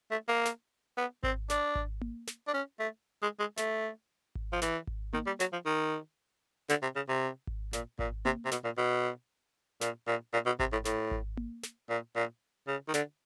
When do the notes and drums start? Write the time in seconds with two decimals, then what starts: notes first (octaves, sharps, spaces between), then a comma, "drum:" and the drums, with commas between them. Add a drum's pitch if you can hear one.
0.11 A3
0.28 A#3
0.45 drum: snare
0.97 B3
1.23 C4, drum: kick G#1
1.50 D4, drum: snare
1.75 drum: kick G#1
2.01 drum: tom A#3
2.27 drum: snare
2.47 D4
2.54 C#4
2.79 A3
3.22 G#3
3.40 G#3
3.57 A3, drum: snare
4.35 drum: kick G#1
4.52 F3
4.62 E3, drum: snare
4.87 drum: kick G#1
5.13 D#3, drum: tom A#3
5.26 G3
5.40 F#3, drum: snare
5.53 F3
5.66 D#3
6.69 D3, drum: snare
6.82 C3
6.96 C#3
7.09 C3
7.47 drum: kick G#1
7.73 A#2, drum: snare
7.99 A#2, drum: kick G#1
8.25 C3, drum: tom A#3
8.45 C3
8.51 B2, drum: snare
8.64 A#2
8.78 B2
9.81 A#2, drum: snare
10.07 A#2
10.33 A#2
10.46 B2
10.59 C3, drum: kick G#1
10.72 A2
10.85 A2, drum: snare
11.11 drum: kick G#1
11.37 drum: tom A#3
11.63 drum: snare
11.90 A#2
12.16 A#2
12.67 C#3
12.88 D#3
12.94 D3, drum: snare